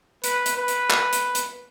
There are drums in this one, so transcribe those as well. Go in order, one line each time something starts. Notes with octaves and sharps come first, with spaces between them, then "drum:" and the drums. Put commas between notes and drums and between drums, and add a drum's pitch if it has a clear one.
B4, drum: hi-hat
drum: hi-hat
B4
drum: hi-hat
drum: clap
drum: hi-hat
drum: hi-hat